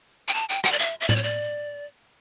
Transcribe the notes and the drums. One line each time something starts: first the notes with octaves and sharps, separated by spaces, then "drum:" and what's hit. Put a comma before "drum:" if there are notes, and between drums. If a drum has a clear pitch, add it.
G5
A5
G5
F#5, drum: rim click
D5
E5
E5
D5, drum: tom A2
C#5
D5